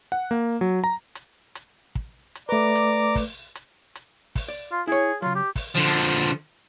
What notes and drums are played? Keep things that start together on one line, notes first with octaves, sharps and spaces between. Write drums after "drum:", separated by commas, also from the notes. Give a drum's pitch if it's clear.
F#5
A#3
F#3
A#5
drum: hi-hat
drum: hi-hat
drum: kick
drum: hi-hat
A3 B4 D5 A#5 D6
drum: hi-hat
drum: kick, open hi-hat
drum: hi-hat
drum: hi-hat
drum: kick, open hi-hat
D5
F4
E4 G#4 C#5
C#3 F#3 F4
G4
drum: kick, open hi-hat
D3 F3
drum: hi-hat